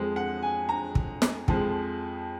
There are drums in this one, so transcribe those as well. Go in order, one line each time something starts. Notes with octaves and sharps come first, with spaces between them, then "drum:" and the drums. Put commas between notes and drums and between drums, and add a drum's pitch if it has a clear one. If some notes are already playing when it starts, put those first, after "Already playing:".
Already playing: F2 F3 G#3
F#5
G#5
A#5
drum: kick
drum: snare
F2 F3 G#3, drum: kick